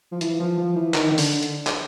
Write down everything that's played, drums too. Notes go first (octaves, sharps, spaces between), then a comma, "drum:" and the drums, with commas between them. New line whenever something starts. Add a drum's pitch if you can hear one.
F3
E3, drum: hi-hat
F3
F3
E3
D#3, drum: clap
D#3
D3, drum: open hi-hat
drum: hi-hat
drum: clap